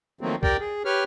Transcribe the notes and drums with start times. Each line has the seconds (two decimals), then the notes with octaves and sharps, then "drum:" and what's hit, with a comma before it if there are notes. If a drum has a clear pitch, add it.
0.21 D#3 F3 F#3 A3 A#3 C4
0.43 G4 A#4 D5 G5, drum: kick B1
0.60 G#4
0.85 G4 B4 C#5 F6